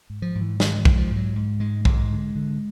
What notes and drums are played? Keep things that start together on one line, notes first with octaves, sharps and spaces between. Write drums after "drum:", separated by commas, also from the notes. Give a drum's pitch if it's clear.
G#2
F3
G#2
E3
G#2 D#3, drum: snare
E3
G#2, drum: kick B1
F3
G#2
F#3
G#2
G#2 G#3
G#2 G#3, drum: kick B1
D3
D3